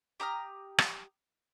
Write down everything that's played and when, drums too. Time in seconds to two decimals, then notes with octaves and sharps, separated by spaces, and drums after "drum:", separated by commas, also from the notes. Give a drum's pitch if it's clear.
0.20 G4 A#5 D#6 F6
0.78 drum: rim click